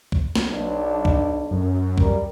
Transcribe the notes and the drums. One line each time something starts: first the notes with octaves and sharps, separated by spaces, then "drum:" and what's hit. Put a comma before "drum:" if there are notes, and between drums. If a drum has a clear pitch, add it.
drum: kick C#2
drum: snare
B1 D4
drum: kick C#2
F#2
G3 A#4, drum: kick C#2